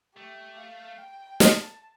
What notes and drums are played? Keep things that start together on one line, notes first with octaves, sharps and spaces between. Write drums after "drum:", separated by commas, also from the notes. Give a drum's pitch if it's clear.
A3 G4
F5
G5
A5, drum: snare